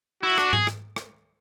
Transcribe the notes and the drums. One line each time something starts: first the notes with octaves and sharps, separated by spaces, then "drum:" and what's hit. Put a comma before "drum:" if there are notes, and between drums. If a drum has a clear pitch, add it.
E4 F#4
D4, drum: rim click
G#4, drum: tom G#2
drum: rim click
drum: rim click